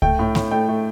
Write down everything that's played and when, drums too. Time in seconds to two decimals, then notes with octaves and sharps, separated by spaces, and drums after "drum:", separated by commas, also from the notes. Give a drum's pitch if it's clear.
0.02 A3 G5, drum: kick C#2
0.19 A2
0.35 A2, drum: snare A3
0.51 A3 G5
0.69 A3